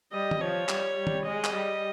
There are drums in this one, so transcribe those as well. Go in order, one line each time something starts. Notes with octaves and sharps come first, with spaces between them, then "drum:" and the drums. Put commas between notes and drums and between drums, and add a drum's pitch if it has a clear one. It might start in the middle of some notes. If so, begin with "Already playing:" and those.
G3 D#5
drum: tom
F3 C#5
G3, drum: clap
G3
drum: tom
G#3 D#5
drum: clap
G3